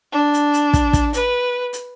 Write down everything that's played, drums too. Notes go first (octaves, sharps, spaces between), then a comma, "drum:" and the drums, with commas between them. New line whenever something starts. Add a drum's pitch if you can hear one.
D4
drum: hi-hat
drum: hi-hat
drum: kick, hi-hat
drum: kick, hi-hat
B4, drum: hi-hat
drum: hi-hat